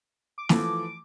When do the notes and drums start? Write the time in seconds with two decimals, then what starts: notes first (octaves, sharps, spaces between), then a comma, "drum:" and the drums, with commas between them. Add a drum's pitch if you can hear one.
0.38 D6
0.49 E3 F3 A3, drum: snare